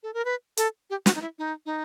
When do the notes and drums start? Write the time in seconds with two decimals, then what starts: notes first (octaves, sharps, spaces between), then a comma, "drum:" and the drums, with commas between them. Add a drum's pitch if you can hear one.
0.03 A4
0.14 A#4
0.25 B4
0.57 A4, drum: hi-hat
0.90 G4
1.06 F#4, drum: snare
1.15 D#4
1.22 E4
1.39 D#4
1.66 D#4